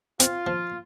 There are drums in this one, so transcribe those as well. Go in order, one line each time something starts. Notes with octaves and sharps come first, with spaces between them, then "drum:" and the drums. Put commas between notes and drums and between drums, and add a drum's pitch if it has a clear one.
C4 F4, drum: hi-hat
F3